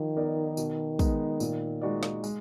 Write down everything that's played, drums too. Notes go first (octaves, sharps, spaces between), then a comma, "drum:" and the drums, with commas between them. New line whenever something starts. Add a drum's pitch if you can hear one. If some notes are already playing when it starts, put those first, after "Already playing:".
Already playing: D#3 F3
B3 D#4 A#4 D5
B2, drum: tambourine
G#3 B3 D#4, drum: kick, tambourine
A#2, drum: tambourine
G#3 D#4 F#4 D5
drum: snare
G#3, drum: tambourine